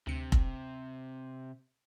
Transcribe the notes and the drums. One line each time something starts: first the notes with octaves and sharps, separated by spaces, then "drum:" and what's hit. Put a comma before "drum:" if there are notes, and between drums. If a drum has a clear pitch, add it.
D2 C3 C#7
drum: kick F1